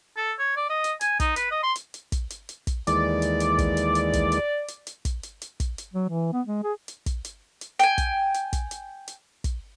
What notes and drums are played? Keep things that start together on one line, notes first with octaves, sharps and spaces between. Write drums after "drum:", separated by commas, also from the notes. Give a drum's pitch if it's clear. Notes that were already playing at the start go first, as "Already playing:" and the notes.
A4
C#5
D5
D#5
drum: hi-hat
G#5, drum: hi-hat
D#4, drum: kick, hi-hat
B4, drum: hi-hat
D#5
C6
drum: hi-hat
drum: hi-hat
drum: kick, hi-hat
drum: hi-hat
drum: hi-hat
drum: kick, hi-hat
D#2 E3 G#3 D5, drum: hi-hat
drum: hi-hat
drum: hi-hat
drum: kick, hi-hat
drum: hi-hat
drum: hi-hat
drum: kick, hi-hat
drum: hi-hat
drum: hi-hat
drum: hi-hat
drum: kick, hi-hat
drum: hi-hat
drum: hi-hat
drum: kick, hi-hat
drum: hi-hat
F#3
E3
B3
G#3
G#4
drum: hi-hat
drum: kick, hi-hat
drum: hi-hat
drum: hi-hat
G5 G#5, drum: hi-hat
drum: kick, hi-hat
drum: hi-hat
drum: kick, hi-hat
drum: hi-hat
drum: hi-hat
drum: kick, hi-hat